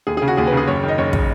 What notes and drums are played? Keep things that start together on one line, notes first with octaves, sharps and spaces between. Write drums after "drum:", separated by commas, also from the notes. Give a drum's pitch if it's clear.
D#2 G#4
C#3 G#4
F#4
D#2 G#4
B4
C#3 G#4
F#1 C#5
D#3
D#5
F#1 C#5
drum: kick